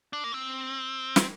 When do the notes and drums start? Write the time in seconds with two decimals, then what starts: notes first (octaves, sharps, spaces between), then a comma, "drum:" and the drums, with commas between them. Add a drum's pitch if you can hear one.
0.13 D4
0.24 A#3
0.32 C4
1.16 drum: snare